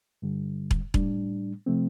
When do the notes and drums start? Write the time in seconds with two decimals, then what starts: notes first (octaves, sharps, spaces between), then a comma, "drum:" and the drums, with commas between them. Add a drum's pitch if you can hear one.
0.22 G2 D3 G3
0.71 drum: kick E1
0.94 A2 G3 D4, drum: kick E1
1.66 C3 F3 A3 C4